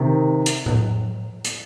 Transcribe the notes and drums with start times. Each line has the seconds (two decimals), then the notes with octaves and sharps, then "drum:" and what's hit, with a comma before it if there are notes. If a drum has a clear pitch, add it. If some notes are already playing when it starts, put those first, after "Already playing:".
Already playing: C3 D#3
0.46 drum: hi-hat
0.66 drum: tom A2
1.45 drum: hi-hat